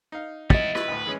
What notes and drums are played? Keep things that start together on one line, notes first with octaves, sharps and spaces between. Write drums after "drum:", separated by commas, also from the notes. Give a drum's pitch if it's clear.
D#4 F5
B3 E4 D#5 A6, drum: kick
E4 B4, drum: rim click
D2 A2
E3 G#3 C#4